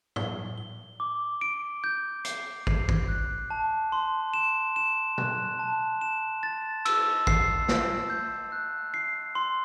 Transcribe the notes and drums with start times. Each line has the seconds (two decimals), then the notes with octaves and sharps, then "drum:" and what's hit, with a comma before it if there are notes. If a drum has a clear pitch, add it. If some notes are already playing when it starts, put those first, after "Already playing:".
0.16 G7, drum: tom
0.57 G7
1.00 D6
1.41 D7
1.84 G6
2.25 C7, drum: hi-hat
2.67 C7, drum: kick
2.89 drum: kick
3.08 F#6
3.50 A5
3.92 C6
4.34 E7
4.76 E7
5.18 F#6, drum: tom B2
5.59 A5
6.01 E7
6.43 A6
6.85 E6, drum: cymbal
7.27 C7, drum: kick
7.69 E6, drum: snare
8.10 G6
8.52 F#6
8.94 C7
9.35 C6